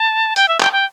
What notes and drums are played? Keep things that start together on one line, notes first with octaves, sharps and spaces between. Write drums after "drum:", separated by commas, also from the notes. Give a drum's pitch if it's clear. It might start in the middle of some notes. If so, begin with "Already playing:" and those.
Already playing: A5
G5, drum: hi-hat
E5
G5, drum: clap
G5